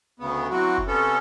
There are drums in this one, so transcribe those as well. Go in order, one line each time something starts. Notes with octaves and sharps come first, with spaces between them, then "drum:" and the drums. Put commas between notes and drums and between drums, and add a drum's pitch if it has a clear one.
D2 C#3 B3
E3 F#3 C4 F#4
drum: kick F1
C3 B3 C#4 A4